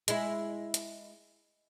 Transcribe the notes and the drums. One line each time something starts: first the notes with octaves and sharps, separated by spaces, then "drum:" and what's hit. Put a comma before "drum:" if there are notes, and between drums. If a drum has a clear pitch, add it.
G#3 E4, drum: hi-hat
drum: hi-hat